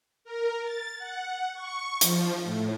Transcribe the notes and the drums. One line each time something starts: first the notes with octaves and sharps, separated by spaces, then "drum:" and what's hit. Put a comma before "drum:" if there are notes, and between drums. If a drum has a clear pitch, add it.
A#4
A6
F#5
C#6
F3, drum: hi-hat
A2